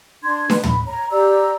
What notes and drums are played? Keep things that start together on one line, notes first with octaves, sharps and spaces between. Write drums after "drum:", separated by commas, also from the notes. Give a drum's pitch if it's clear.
D4 C6 G#6
B4, drum: snare D4
B5, drum: tom
C#5 A#5
G4 D5 A#5 E6